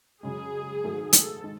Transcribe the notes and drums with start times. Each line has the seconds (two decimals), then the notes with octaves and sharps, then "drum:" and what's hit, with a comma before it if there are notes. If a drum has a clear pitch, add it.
0.23 F#2 C#3 G#3 G#4
0.84 G#2 D#3 F#3 A3
1.13 A4, drum: hi-hat
1.44 D#3 G#3